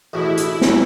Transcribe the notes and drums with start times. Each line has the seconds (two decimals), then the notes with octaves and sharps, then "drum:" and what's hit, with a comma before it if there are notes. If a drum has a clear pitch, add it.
0.13 A1 E2 B2 E4
0.37 drum: hi-hat
0.61 drum: snare